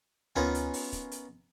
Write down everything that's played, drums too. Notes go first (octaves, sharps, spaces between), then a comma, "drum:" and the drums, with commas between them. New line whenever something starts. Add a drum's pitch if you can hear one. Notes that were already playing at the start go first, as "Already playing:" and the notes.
B3 C#4 D#4 F4 A#4 G#5, drum: tom D2
drum: hi-hat
drum: open hi-hat
drum: kick, hi-hat
drum: hi-hat